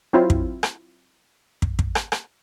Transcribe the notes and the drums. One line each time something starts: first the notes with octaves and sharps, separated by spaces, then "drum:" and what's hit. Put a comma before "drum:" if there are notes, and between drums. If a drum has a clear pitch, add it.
F#3 C4 E4 F4
drum: kick
drum: rim click
drum: kick
drum: kick
drum: rim click
drum: rim click